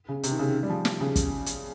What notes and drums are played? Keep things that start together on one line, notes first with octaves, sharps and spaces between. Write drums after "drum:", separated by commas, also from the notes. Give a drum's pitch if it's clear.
C#3
C3, drum: hi-hat
D#3
C#3
G3
F3
drum: snare
C#3
drum: kick, hi-hat
drum: hi-hat